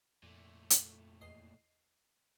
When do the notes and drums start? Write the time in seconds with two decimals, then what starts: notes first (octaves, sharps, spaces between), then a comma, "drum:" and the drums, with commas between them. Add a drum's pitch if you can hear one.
0.23 F2 A#2 A3
0.70 drum: hi-hat
1.21 E2 D#5 C7